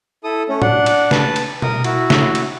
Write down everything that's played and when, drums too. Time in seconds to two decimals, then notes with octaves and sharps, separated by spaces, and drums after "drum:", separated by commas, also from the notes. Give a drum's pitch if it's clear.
0.24 E4 A4 D#6
0.49 A3 C#4
0.62 D4 F#5, drum: tom A2
0.86 drum: cymbal
1.11 B4 A5, drum: snare
1.36 drum: cymbal
1.62 A#4 D#6, drum: tom B2
1.84 E4 F#4, drum: cymbal
2.10 drum: snare
2.35 drum: cymbal